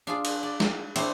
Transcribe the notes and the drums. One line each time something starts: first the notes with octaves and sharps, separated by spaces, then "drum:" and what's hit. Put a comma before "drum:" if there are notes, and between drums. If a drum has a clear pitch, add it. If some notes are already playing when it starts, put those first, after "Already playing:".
D4 F4 G#4
drum: cymbal
D5
drum: snare
C4 D4 E4 C5 C#5, drum: cymbal